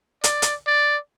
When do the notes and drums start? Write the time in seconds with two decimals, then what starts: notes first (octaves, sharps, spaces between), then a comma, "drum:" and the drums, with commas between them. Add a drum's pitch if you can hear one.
0.24 D5, drum: hi-hat
0.42 drum: hi-hat
0.67 D5